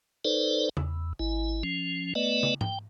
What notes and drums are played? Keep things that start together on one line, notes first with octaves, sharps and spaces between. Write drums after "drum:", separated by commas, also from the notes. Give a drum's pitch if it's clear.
D#4 A4 B4 C5 D5
E2, drum: tom
G#1 E4
F3 C#4
A3 B3 B4 D5 D#5
drum: tom
G5, drum: tom G#2